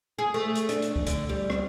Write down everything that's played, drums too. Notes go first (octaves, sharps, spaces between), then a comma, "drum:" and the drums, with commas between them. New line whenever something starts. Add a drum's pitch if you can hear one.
G#4
A3
drum: hi-hat
D4, drum: hi-hat
drum: hi-hat
drum: kick C#2
D3, drum: hi-hat
G3
drum: rim click